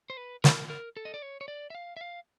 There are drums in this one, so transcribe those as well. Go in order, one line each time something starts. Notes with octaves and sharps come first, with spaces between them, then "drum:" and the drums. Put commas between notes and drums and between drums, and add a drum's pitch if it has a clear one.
C5
B4
A#4, drum: snare
A#4
A4
D#5
D5
C#5
C#5
D5
E5
F5
E5
F5